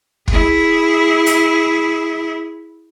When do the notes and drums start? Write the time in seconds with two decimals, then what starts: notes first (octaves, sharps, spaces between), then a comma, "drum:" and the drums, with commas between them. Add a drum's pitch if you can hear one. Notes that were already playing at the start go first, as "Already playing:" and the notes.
0.28 E4 G#4, drum: kick
1.26 drum: hi-hat